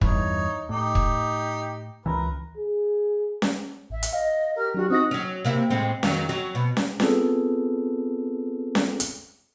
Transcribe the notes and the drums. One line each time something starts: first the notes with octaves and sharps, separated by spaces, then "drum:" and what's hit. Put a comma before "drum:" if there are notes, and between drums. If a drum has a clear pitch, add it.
E2 G2 D#4 C#5, drum: kick
A2 D#4 G4
drum: kick
C#2 E3 A#4 B4
G#4
drum: snare C#4
A1 E5
drum: hi-hat
D#5 F5
G4 A#4 F6
F#3 D4 F#4 G4
C4 D#4 F#4 D#6 A#6
F#3 C#4
C3 A#3 E4
A2 G#3 C4
F2 D#3 F#3, drum: snare C#4
F#3
B2
drum: snare C#4
B3 C4 F4 G#4 A4 B4, drum: snare C#4
drum: snare C#4
drum: hi-hat